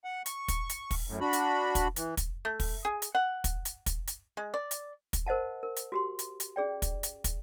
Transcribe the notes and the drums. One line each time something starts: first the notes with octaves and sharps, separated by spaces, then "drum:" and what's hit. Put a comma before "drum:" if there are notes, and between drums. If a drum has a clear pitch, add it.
F#5
C#6, drum: hi-hat
drum: kick, hi-hat
drum: hi-hat
drum: kick, open hi-hat
F#2 A2
D4 F#4 B5
drum: hi-hat
drum: kick, hi-hat
E3, drum: hi-hat
drum: kick, hi-hat
A3
drum: kick, open hi-hat
G#4
drum: hi-hat
F#5
drum: kick, hi-hat
drum: hi-hat
drum: kick, hi-hat
drum: hi-hat
G#3
D5
drum: hi-hat
drum: kick, hi-hat
A#4 C5 D#5 F#5 A5
A#4
drum: hi-hat
F#4 G4 C6
drum: hi-hat
drum: hi-hat
C#4 G#4 D5 G5
drum: kick, hi-hat
drum: hi-hat
drum: kick, hi-hat